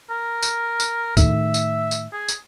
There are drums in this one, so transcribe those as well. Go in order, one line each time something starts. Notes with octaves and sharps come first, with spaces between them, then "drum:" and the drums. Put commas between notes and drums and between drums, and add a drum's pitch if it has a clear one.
A#4
drum: tambourine
drum: tambourine
A2 D#3 A3 E5, drum: kick, tambourine
drum: tambourine
drum: tambourine
G#4
drum: tambourine